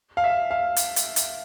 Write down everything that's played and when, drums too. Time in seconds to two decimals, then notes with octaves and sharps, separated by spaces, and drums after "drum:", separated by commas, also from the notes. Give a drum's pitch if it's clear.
0.17 F5
0.24 E5
0.51 F5
0.76 drum: hi-hat
0.96 drum: hi-hat
1.16 drum: hi-hat